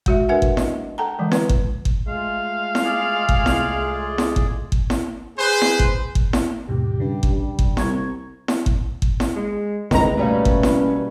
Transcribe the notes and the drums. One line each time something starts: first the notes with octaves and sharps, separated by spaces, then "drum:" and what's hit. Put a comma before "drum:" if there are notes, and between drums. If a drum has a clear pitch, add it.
G#3 F#4 E5, drum: kick G1
D4 A#4 B4 E5 F#5 G#5
drum: kick G1
D#5, drum: snare E4
A4 F#5 G5 A5 A#5
D3 E3 F3 G#3
B4, drum: snare E4
drum: kick G1
drum: kick G1
G#3 A3 F4 F5
drum: snare E4
G#4 D5
drum: kick G1
C2, drum: snare E4
drum: snare E4
drum: kick G1
drum: kick G1
drum: snare E4
G#4 B4 C5
drum: snare E4
drum: kick G1
drum: kick G1
drum: snare E4
D#2 G#2 B2 G4
G2 C#3
drum: kick G1
G3
drum: kick G1
C2 A#5 C#6 G#6, drum: snare E4
drum: snare E4
drum: kick G1
drum: kick G1
drum: snare E4
G#3
G1 C#2 C3 D#3 D#4 B4 A#5, drum: snare E4
B2 G3 A3 A#3 C#4
drum: kick G1
drum: snare E4